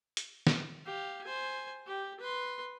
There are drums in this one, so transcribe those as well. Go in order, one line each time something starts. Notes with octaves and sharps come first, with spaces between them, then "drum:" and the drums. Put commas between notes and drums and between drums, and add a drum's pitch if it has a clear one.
drum: hi-hat
drum: snare
G4 F5
C5 G#5
G4
B4 C6